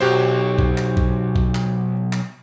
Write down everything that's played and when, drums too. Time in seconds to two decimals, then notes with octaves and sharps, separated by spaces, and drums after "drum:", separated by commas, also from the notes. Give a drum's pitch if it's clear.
0.01 B1 F#4 G4 C5
0.58 drum: kick
0.78 drum: clap
0.97 drum: kick
1.36 drum: kick
1.55 drum: clap
2.13 drum: clap